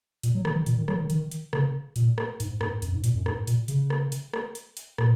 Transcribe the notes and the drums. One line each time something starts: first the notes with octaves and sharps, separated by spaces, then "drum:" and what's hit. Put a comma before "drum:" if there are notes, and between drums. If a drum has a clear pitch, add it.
A#2, drum: hi-hat
F#3
D#3, drum: rim click
D#3
A#2, drum: hi-hat
D#3
F#3, drum: rim click
D#3
D#3, drum: hi-hat
drum: hi-hat
C#3, drum: rim click
A#2, drum: hi-hat
drum: rim click
G#2, drum: hi-hat
G#2, drum: rim click
F#2, drum: hi-hat
G#2
A#2, drum: hi-hat
F#2
G#2, drum: rim click
A#2, drum: hi-hat
C#3, drum: hi-hat
drum: rim click
drum: hi-hat
drum: rim click
drum: hi-hat
drum: hi-hat
A#2, drum: rim click